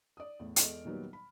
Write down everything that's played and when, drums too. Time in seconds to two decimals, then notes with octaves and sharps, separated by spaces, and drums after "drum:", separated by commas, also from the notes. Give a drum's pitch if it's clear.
0.17 D5 D#6
0.39 E2 A2
0.56 E2 G#3 A4 D#5 F6 D7, drum: hi-hat
0.85 A#2 D#3 F#3 G3 B3
1.13 B5